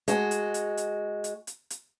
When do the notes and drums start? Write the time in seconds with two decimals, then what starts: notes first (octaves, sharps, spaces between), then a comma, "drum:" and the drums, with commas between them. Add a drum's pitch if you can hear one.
0.08 G#3 F#4, drum: hi-hat
0.31 drum: hi-hat
0.54 drum: hi-hat
0.77 drum: hi-hat
1.24 drum: hi-hat
1.47 drum: hi-hat
1.70 drum: hi-hat